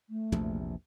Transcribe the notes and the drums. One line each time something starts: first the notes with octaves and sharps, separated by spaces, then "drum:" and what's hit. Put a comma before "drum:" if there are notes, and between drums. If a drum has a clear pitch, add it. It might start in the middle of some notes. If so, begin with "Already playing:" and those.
A3
A#1 E2 C3, drum: tom